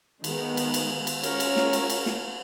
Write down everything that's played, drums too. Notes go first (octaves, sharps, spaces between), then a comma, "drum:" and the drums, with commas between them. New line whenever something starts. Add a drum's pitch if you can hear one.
D#3 G#3 B3, drum: cymbal
drum: cymbal
drum: cymbal
drum: cymbal
G#3 C#4 F4 A#4 C#5, drum: cymbal
drum: cymbal
drum: snare
drum: cymbal
drum: cymbal
drum: snare